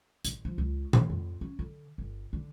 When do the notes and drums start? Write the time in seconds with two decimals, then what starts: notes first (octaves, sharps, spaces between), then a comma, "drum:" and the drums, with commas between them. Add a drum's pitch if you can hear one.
0.25 A1, drum: hi-hat
0.45 F3
0.58 C#2
0.93 C#3, drum: tom G#2
1.10 F2
1.41 C#4
1.59 D3
1.98 G1
2.33 D3